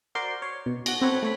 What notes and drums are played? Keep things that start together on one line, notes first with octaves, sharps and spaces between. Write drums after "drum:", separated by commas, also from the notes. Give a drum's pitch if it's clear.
F#4 A#4 C5 D5 C6 D6
C#5
B2
F#4 A#6, drum: cymbal
C4 F#4 A4 B4 C#5
A3 C#5 B5